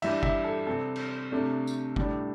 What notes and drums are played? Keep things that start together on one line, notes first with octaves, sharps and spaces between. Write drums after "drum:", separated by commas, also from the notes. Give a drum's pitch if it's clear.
E3 G3 D4 E5, drum: cymbal
E5, drum: kick
A4
C3 G3 C4 A4
drum: cymbal
C3 A3 D4
drum: tambourine
A2 G3 D4, drum: kick